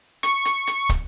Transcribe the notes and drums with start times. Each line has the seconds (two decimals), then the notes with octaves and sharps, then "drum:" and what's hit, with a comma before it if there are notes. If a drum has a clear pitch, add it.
0.23 C#6, drum: hi-hat
0.45 drum: hi-hat
0.67 drum: hi-hat
0.89 drum: kick, hi-hat